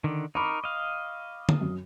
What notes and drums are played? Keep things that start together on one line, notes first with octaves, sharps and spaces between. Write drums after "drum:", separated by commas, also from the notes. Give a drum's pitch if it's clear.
D3 D#3
D#4 A#4 B5 C#6 D6
D#5 F5
drum: tom
F#2